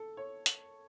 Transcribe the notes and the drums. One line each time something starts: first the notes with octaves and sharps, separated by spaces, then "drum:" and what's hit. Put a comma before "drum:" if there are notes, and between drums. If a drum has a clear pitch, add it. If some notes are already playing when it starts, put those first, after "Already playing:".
Already playing: A4
C#5
drum: hi-hat